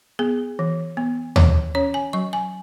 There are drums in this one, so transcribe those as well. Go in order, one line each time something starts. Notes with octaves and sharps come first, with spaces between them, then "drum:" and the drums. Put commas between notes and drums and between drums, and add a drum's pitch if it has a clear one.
B3 G#4
E3
B3
E3, drum: tom D#2
C#4 C#5
G#5
F#3 C#6
G#5